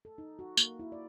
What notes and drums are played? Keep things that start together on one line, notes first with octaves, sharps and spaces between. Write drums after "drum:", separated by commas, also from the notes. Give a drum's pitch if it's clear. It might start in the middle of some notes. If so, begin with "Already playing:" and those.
A4
D#4
F#4
A#3, drum: tambourine
E4
D5